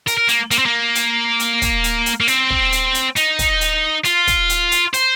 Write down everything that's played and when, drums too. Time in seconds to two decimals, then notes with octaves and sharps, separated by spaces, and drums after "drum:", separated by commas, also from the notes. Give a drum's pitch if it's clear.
0.07 A#4, drum: hi-hat
0.17 A#4
0.28 A#3, drum: hi-hat
0.51 A#3, drum: hi-hat
0.58 C4
0.66 A#3
0.95 drum: hi-hat
1.40 drum: hi-hat
1.62 drum: kick, hi-hat
1.84 drum: hi-hat
2.06 drum: hi-hat
2.21 A#3
2.28 C4, drum: hi-hat
2.50 drum: kick
2.72 drum: hi-hat
2.94 drum: hi-hat
3.16 D#4, drum: hi-hat
3.39 drum: kick, hi-hat
3.61 drum: hi-hat
4.05 F4, drum: hi-hat
4.27 drum: kick, hi-hat
4.49 drum: hi-hat
4.72 drum: hi-hat
4.94 C5, drum: hi-hat